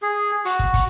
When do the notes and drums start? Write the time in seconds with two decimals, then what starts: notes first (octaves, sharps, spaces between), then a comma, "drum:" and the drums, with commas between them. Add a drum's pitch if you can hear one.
0.02 G#4
0.45 F#4, drum: hi-hat
0.59 drum: kick
0.74 drum: kick, hi-hat